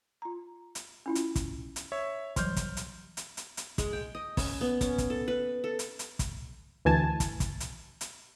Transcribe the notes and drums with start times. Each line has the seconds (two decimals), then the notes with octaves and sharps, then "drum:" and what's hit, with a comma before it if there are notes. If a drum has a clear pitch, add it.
0.22 F4 A#5
0.75 drum: hi-hat
1.06 C#4 E4 F4
1.15 drum: hi-hat
1.36 drum: kick, hi-hat
1.76 drum: hi-hat
1.92 C#5 E5
2.36 E3 F#3 G3 C6 F6 G6, drum: kick, hi-hat
2.56 drum: kick, hi-hat
2.77 drum: hi-hat
3.17 drum: hi-hat
3.37 drum: hi-hat
3.57 drum: hi-hat
3.78 G#3, drum: kick, hi-hat
3.93 G5
4.15 D#5
4.37 C#4, drum: kick, open hi-hat
4.61 B3
4.81 C#4, drum: kick, hi-hat
4.98 drum: kick, hi-hat
5.10 A4
5.28 B4
5.64 A4
5.79 drum: hi-hat
5.99 drum: hi-hat
6.19 drum: kick, hi-hat
6.85 D2 E3 G#5 A5
7.20 drum: kick, hi-hat
7.40 drum: kick, hi-hat
7.60 drum: hi-hat
8.01 drum: hi-hat